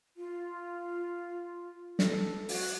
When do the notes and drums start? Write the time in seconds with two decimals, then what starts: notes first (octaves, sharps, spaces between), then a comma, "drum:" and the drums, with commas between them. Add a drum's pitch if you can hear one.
0.17 F4
1.99 A4, drum: snare
2.49 F#4, drum: open hi-hat